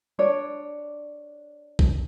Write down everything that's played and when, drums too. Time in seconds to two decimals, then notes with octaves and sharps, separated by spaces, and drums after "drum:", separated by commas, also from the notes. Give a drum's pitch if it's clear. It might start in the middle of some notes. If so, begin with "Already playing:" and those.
0.19 D4 C#5 D5
1.79 drum: kick A1